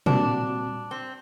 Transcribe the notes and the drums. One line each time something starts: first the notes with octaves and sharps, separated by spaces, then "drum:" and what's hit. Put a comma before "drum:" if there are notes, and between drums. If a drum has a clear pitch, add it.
A#2 G3 C4 D4 F#4, drum: tom
C4